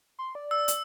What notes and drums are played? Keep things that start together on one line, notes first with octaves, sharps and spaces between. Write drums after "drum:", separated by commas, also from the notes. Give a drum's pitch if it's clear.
C6
D5
E6
drum: hi-hat